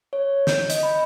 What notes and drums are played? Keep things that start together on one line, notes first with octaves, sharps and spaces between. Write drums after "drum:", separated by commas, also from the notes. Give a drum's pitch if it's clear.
C#5
G6, drum: snare
D#5, drum: hi-hat
B5